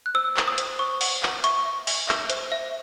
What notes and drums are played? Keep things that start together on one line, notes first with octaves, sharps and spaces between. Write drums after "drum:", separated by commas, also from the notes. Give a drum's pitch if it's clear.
F#6
C5 E6
C5, drum: clap
D#6
C5, drum: hi-hat
C5 C#6
F#5, drum: open hi-hat
F#5, drum: clap
E5 C#6, drum: hi-hat
E5
E5, drum: open hi-hat
E5, drum: clap
C5, drum: hi-hat
E5